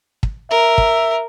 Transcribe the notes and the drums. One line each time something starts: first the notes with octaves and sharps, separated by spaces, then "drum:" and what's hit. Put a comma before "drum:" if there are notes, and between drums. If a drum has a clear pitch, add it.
drum: kick
A#4 E5
drum: kick